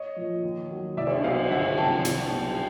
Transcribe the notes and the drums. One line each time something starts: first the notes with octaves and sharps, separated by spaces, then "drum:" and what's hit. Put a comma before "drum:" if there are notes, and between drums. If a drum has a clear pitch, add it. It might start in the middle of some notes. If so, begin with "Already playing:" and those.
Already playing: C#5 D#5
A#2 F3
D#2
D#3 F#3
C2 D5 E5
drum: cymbal
B2 F#3 D#5 F5
G1 E5 F#5
F2 C3 D#3 F#3 G5 A5
C2, drum: hi-hat
B2 F#3